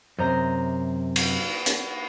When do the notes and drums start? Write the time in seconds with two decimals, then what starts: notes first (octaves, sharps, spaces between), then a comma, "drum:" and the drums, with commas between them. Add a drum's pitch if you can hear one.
0.19 F#2 C3 C5 D#5 A#5
1.16 drum: cymbal
1.66 drum: hi-hat